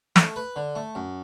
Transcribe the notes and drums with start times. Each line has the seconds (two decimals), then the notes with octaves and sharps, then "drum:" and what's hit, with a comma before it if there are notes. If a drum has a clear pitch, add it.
0.16 A3, drum: snare
0.36 B4
0.56 D3
0.75 A3
0.95 F#2